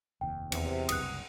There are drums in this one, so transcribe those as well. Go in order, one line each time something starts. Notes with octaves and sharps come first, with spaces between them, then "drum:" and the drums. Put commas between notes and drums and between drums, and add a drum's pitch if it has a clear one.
F1 D#2 G5
E2 C3, drum: cymbal
F#1 C2 D#6 F#6, drum: cymbal